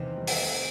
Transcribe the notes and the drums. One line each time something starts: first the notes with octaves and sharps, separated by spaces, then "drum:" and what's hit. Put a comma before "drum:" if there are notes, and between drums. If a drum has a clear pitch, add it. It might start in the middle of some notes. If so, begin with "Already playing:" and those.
Already playing: E2 C3 D#3
G3
drum: open hi-hat
A3